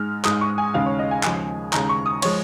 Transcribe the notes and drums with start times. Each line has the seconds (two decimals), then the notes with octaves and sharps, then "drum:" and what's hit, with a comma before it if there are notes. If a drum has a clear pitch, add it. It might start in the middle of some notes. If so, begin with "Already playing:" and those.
Already playing: G#2 G#3 F6
0.25 G#2 G#3 D#6, drum: clap
0.41 C#6
0.58 G#5
0.74 D#2 C#3 G#3 F5
0.86 C#5
0.99 D#5
1.11 G#5
1.23 D#2 C#3 F3 G#3 G#5, drum: clap
1.73 D#2 C#3 G#3 A#5, drum: clap
1.89 C#6
2.06 D#6
2.22 F3 G#3 C#5, drum: cymbal